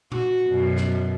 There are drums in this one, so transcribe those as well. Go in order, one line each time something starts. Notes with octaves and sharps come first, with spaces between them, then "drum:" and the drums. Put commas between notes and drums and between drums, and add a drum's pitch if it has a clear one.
F#4, drum: tom A#2
F#2 B2
drum: snare